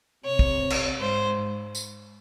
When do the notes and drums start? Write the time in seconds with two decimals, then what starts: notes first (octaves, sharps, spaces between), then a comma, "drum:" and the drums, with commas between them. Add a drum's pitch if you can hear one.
0.24 C3 C#5
0.39 drum: kick
0.70 drum: cymbal
1.00 G#2 C5
1.75 drum: tambourine